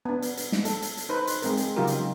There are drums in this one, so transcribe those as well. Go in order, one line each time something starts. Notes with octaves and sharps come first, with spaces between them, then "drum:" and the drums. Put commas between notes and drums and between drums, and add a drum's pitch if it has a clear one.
B3 D4
drum: hi-hat
drum: hi-hat
drum: snare
A4, drum: hi-hat
drum: hi-hat
drum: hi-hat
D#4 B4 C5
drum: hi-hat
G#3 C4 A#4, drum: hi-hat
drum: hi-hat
C#3 F#3 D#4 F4 G4 A#4
drum: hi-hat